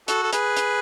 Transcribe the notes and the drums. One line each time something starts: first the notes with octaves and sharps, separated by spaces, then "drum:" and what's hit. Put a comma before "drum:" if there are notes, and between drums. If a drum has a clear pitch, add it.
F#4 A4, drum: hi-hat
A4
G#4 B4, drum: hi-hat
drum: hi-hat